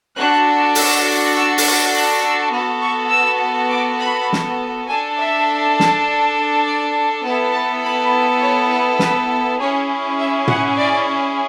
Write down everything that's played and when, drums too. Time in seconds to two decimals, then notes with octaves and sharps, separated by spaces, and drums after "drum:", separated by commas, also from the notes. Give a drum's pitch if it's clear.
0.16 D4 F#4 A4 F#6
0.75 E6, drum: open hi-hat
1.34 E6
1.58 drum: open hi-hat
1.93 F#6
2.23 E6
2.52 B3 F#4 A4
2.81 C#6
3.10 E6
3.70 D6
3.99 B5
4.33 drum: snare
4.87 D4 A4 G#5
5.17 E5
5.80 drum: snare
6.64 D5
7.23 B3 E4 A4 A5
7.53 A5
7.83 B5
8.41 C#5
8.70 B4
8.99 B4, drum: snare
9.58 C#4 E4 G#4 C#5
10.18 E5
10.48 F#5, drum: tom
10.77 D5